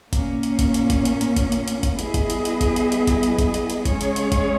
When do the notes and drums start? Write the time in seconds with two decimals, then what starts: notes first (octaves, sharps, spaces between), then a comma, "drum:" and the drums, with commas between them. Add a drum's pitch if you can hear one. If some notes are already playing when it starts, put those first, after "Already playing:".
0.13 A#2 A#3 C#4, drum: kick, hi-hat
0.43 drum: hi-hat
0.59 drum: kick, hi-hat
0.74 drum: hi-hat
0.90 drum: kick, hi-hat
1.05 drum: hi-hat
1.21 drum: hi-hat
1.36 drum: kick, hi-hat
1.52 drum: hi-hat
1.68 drum: hi-hat
1.83 drum: kick, hi-hat
1.99 G3 B3 E4 G#4 D#5, drum: hi-hat
2.14 drum: kick, hi-hat
2.30 drum: hi-hat
2.45 drum: hi-hat
2.61 drum: kick, hi-hat
2.76 drum: hi-hat
2.92 drum: hi-hat
3.07 drum: kick, hi-hat
3.23 drum: hi-hat
3.39 drum: kick, hi-hat
3.54 drum: hi-hat
3.70 drum: hi-hat
3.85 C#3 G#3 C#4 G#4 C#5, drum: kick, hi-hat
4.01 drum: hi-hat
4.16 drum: hi-hat
4.32 drum: kick, hi-hat